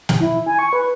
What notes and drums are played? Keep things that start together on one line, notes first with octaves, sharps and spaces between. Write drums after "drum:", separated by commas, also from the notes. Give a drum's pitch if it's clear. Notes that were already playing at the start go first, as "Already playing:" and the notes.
drum: snare
E4
G#5
C#6
B4